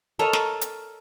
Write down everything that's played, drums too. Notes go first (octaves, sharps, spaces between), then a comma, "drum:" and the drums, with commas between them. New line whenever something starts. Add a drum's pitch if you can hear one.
A4 A#4 C#5 D#5
drum: snare
drum: hi-hat